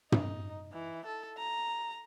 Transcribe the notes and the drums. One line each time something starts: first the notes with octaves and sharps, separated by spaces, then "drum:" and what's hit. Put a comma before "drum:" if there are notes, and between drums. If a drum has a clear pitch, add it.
D#4, drum: tom
E3
A4
A#5